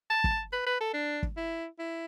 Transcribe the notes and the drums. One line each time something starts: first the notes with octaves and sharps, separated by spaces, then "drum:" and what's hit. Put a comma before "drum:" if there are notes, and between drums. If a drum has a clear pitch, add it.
A5
drum: kick
B4
B4
A4
D4
drum: kick
E4
E4